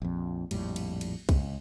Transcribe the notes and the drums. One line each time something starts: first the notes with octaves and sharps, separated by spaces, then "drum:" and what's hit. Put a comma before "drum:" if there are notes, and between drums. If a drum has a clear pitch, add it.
A#1 F2
A#1 F2 A2 G3, drum: cymbal
drum: cymbal
drum: cymbal
C#2, drum: kick, cymbal